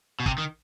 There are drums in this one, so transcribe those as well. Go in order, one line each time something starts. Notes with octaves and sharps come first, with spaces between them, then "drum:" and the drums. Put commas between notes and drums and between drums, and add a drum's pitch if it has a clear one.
B2
C3, drum: kick
D#3